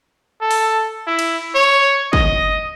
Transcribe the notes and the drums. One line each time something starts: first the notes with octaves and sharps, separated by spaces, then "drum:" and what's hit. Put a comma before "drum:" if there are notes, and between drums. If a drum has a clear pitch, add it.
A4
drum: open hi-hat
E4
drum: cymbal
C#5
D#5, drum: kick